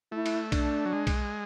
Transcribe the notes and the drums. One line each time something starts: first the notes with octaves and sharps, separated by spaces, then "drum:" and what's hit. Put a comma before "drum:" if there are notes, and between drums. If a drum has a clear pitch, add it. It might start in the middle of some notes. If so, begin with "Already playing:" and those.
A3 E4
drum: cymbal
D4, drum: kick B1, cymbal
F#3
G#3
drum: kick B1, cymbal